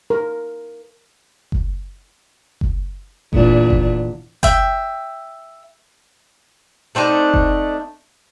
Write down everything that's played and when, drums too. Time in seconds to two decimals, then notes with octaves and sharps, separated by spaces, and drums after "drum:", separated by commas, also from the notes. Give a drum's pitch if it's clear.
0.10 A#4
1.52 drum: kick F#1
2.61 drum: kick F#1
3.33 E2 A#2 D4, drum: kick F#1
3.70 drum: kick F#1
4.43 E5 G5, drum: kick F#1
6.95 A3 C4 D4 D#4
7.34 drum: kick F#1